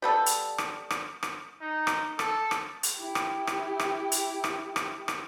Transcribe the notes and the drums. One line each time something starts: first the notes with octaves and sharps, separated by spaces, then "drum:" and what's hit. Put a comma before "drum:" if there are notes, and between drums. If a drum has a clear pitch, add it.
G3 B3 A4
drum: hi-hat
drum: rim click
drum: rim click
drum: rim click
D#4
drum: rim click
A4, drum: rim click
drum: rim click
drum: hi-hat
E4 G4
drum: rim click
drum: rim click
drum: rim click
drum: hi-hat
drum: rim click
drum: rim click
drum: rim click